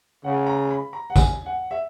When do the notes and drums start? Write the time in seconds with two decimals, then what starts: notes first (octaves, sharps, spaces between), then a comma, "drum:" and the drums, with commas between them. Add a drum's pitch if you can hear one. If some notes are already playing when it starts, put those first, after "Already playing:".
0.24 C#3 F#5
0.47 A#5
0.70 B5
0.93 A#5
1.10 F#5
1.16 G#5, drum: kick, tambourine
1.46 F#5
1.71 E5